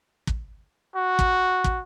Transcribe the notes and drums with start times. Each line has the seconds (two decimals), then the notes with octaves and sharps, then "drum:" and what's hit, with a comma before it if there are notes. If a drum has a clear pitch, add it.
0.27 drum: kick
0.96 F#4
1.19 drum: kick
1.64 drum: kick